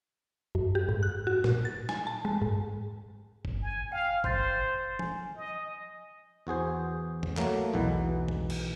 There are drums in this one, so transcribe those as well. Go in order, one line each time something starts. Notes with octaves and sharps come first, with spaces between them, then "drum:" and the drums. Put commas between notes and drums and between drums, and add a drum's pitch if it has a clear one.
F#2
G4
G#2
F#6
F#4
A#2, drum: snare
A6
G#5, drum: snare
A5
G#3
G#2
drum: kick G1
G#5
F5 G5
C5 C6 G6 A6, drum: kick G1
G#5, drum: tom
D#5
E2 F#4 G#4 C5
drum: tom E2
F#3 A3 A#3, drum: clap
B1 E2 B2 E3 F#5
drum: tom E2
drum: cymbal